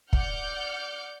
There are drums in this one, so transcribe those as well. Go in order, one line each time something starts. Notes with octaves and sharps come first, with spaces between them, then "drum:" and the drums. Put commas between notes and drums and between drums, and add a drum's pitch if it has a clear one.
D5 F#5 D6 F6 G6 C#7, drum: kick